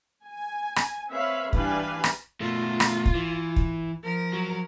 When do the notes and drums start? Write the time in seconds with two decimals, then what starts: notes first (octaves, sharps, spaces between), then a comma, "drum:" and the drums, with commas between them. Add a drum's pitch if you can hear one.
0.24 G#5
0.76 drum: rim click
1.10 C4 B4 C#5 E5 F5 B5
1.53 E3 G3 D4 B4 F5 G#5, drum: kick
2.04 drum: rim click
2.41 B2 A3 F4
2.80 drum: rim click
3.05 drum: kick
3.15 E3
3.56 drum: kick
4.03 F3 A#4
4.33 F#3